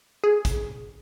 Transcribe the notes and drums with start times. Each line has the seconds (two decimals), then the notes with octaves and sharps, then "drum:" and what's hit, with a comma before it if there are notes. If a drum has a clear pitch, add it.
0.24 G#4
0.45 drum: kick, hi-hat